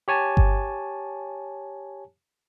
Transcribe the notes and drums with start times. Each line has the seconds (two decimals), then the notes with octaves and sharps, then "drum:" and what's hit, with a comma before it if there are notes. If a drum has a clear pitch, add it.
0.08 G4 C#5 G#5 A5
0.37 drum: kick G1